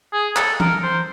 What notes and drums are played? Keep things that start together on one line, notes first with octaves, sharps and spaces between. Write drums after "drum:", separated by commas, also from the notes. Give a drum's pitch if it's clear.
G#4
A4, drum: clap
A#4, drum: tom E3
C5